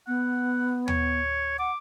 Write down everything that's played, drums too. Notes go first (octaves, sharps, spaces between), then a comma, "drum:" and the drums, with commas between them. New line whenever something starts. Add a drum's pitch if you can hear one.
B3 F#5
C#5, drum: tom
F#5 D6